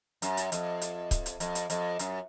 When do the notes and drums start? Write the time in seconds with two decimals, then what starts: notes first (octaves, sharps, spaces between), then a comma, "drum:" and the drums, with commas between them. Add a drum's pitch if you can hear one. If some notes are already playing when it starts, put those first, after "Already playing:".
0.22 F#2, drum: hi-hat
0.37 drum: hi-hat
0.52 F2, drum: hi-hat
0.81 drum: hi-hat
1.11 drum: kick C#1, hi-hat
1.26 drum: hi-hat
1.40 F2, drum: hi-hat
1.55 drum: hi-hat
1.70 F2, drum: hi-hat
1.99 F#2, drum: hi-hat